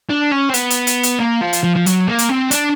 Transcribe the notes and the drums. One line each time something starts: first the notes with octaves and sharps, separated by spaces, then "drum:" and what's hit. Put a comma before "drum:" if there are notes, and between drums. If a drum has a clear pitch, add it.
D4
C#4
C4
B3, drum: hi-hat
drum: hi-hat
drum: hi-hat
drum: hi-hat
A#3
F3
drum: hi-hat
F3
F3
F#3, drum: hi-hat
A#3
drum: hi-hat
C4
D4, drum: hi-hat